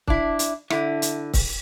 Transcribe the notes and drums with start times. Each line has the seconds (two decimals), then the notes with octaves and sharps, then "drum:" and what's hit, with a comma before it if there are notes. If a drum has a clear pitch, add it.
0.08 D4 E4, drum: kick
0.39 drum: hi-hat
0.70 D3 E4, drum: rim click
1.02 drum: hi-hat
1.34 drum: kick, open hi-hat